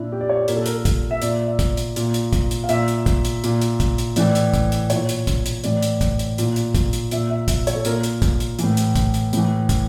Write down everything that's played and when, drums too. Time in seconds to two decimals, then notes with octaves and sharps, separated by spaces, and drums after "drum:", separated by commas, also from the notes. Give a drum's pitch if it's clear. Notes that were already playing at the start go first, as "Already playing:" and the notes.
Already playing: A#2 D4 E4
0.12 G4
0.21 D5
0.29 C#5
0.48 A#2 A#4, drum: hi-hat
0.57 A4
0.66 A#4, drum: hi-hat
0.85 drum: kick, hi-hat
1.11 E5
1.22 A#2 D5, drum: hi-hat
1.47 E5
1.59 drum: kick, hi-hat
1.77 drum: hi-hat
1.96 A#2, drum: hi-hat
2.14 drum: hi-hat
2.33 drum: kick, hi-hat
2.51 drum: hi-hat
2.64 F5
2.69 A#2 E5, drum: hi-hat
2.88 drum: hi-hat
3.06 drum: kick, hi-hat
3.25 drum: hi-hat
3.44 A#2, drum: hi-hat
3.62 drum: hi-hat
3.80 drum: kick, hi-hat
3.98 drum: hi-hat
4.16 A2 E3 D5, drum: hi-hat
4.35 drum: hi-hat
4.54 drum: kick, hi-hat
4.72 drum: hi-hat
4.90 A#2 C#5, drum: hi-hat
5.09 drum: hi-hat
5.27 drum: kick, hi-hat
5.46 drum: hi-hat
5.64 A2 E3 D5, drum: hi-hat
5.82 drum: hi-hat
6.01 drum: kick, hi-hat
6.19 drum: hi-hat
6.38 A#2, drum: hi-hat
6.56 drum: hi-hat
6.75 drum: kick, hi-hat
6.93 drum: hi-hat
7.11 A#2 E5, drum: hi-hat
7.30 E5
7.48 E5, drum: kick, hi-hat
7.67 C#5, drum: hi-hat
7.75 A4
7.85 A#2 A#4, drum: hi-hat
8.03 drum: hi-hat
8.22 drum: kick, hi-hat
8.40 drum: hi-hat
8.59 A2 E3, drum: hi-hat
8.77 drum: hi-hat
8.96 drum: kick, hi-hat
9.14 drum: hi-hat
9.33 A2 E3, drum: hi-hat
9.69 drum: kick, hi-hat